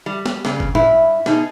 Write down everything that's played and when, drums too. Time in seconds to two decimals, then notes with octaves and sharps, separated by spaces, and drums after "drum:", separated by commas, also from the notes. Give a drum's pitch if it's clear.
0.06 G3
0.26 drum: snare
0.45 G2 C#3, drum: snare
0.60 drum: kick F#1
0.75 G2 E4, drum: tom
1.26 B2 D#4 G#4, drum: snare